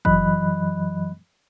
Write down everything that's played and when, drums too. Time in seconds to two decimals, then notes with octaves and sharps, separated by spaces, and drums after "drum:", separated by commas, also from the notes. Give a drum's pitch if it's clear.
0.05 F#2 E3 F#3 D#5 B5 F#6, drum: kick F#1